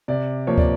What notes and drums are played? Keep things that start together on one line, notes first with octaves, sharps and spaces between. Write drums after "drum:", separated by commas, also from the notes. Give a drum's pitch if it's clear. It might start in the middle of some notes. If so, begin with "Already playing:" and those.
C3 D5
F3 A#3 C#5
D5, drum: kick